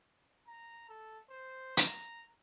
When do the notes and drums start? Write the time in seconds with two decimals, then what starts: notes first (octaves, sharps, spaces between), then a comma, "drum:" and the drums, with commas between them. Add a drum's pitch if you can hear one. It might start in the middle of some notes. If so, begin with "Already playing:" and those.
0.47 A#5
0.89 A4
1.29 C5
1.77 A#5, drum: hi-hat